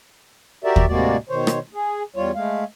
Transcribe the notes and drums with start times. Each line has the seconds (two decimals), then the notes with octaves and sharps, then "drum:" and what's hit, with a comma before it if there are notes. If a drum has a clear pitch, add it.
0.64 F#4 G4 A#4 D5 E5
0.76 drum: kick
0.88 A2 C3 G#3 A#3 F#4 D5
1.29 B2 D#3 C5 C#5
1.47 drum: rim click
1.74 G#4
2.16 E2 G3 F4 C#5
2.35 G#3 A3 F5